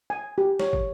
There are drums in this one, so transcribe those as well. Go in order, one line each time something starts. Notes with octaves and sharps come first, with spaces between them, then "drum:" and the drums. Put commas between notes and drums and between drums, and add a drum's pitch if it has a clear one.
G#5
G4
C#5, drum: snare G#3
drum: kick